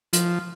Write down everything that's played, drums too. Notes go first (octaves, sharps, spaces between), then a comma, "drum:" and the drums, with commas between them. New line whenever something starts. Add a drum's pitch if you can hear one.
F3, drum: hi-hat